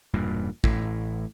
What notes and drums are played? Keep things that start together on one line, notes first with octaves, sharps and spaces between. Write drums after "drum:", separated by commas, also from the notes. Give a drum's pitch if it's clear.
E1 G2 A#2
A1 A2, drum: kick